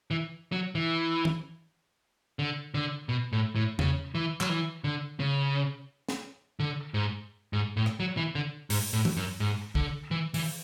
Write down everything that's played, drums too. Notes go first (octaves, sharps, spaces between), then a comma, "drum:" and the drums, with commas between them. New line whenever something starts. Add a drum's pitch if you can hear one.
E3
F#3
E3
drum: tom E3
D3
D3
B2
A2
A2
C#3, drum: tom E2
E3
F#3, drum: clap
E3
D3
C#3
drum: snare
D3
G#2
G#2
A2
drum: rim click
F#3
E3
D3
G#2, drum: open hi-hat
A2
drum: tom E3
F#2
G#2
D3, drum: kick
E3
E3, drum: open hi-hat